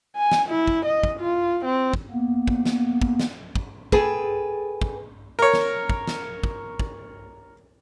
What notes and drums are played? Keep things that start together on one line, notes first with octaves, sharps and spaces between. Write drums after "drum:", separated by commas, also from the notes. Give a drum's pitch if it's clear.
G#5
drum: snare
E4
drum: kick
D#5
drum: kick
F4
C4
drum: kick
A#3 B3
drum: kick
drum: snare
drum: kick
drum: snare
drum: kick
G#4 A4 B4 G5 G#5, drum: kick
drum: kick
A#4 C#5
drum: snare
drum: kick
drum: snare
drum: kick
drum: kick